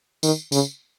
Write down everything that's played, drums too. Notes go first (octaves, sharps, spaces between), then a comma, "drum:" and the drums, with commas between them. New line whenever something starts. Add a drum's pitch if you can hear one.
D#3, drum: tambourine
C#3, drum: tambourine